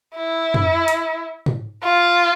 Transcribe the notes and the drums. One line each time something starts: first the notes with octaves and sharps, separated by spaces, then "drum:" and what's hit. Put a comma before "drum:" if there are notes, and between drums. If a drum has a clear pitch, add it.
E4
drum: tom
drum: hi-hat
drum: tom G#2
F4